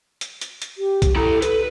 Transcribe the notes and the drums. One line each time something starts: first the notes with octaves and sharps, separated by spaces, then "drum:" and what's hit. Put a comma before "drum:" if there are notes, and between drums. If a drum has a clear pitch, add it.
drum: hi-hat
drum: hi-hat
drum: hi-hat
G4
drum: kick C2, hi-hat
E4 A4 A#5
A4 B4, drum: hi-hat